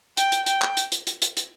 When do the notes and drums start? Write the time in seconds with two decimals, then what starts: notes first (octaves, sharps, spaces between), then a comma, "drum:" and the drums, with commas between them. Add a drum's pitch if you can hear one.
0.17 G5, drum: hi-hat
0.32 drum: hi-hat
0.46 G5, drum: hi-hat
0.62 drum: clap
0.77 drum: hi-hat
0.92 drum: hi-hat
1.07 drum: hi-hat
1.22 drum: hi-hat
1.37 drum: hi-hat